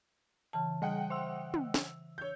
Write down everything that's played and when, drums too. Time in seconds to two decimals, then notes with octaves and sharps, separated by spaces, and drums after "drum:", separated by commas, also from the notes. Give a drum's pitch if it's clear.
0.53 C#3 E3 A5
0.82 G3 D#5 F#5 G5
1.10 C5 E5 C6 E6
1.54 drum: tom
1.74 E6, drum: snare
2.18 C#5 G6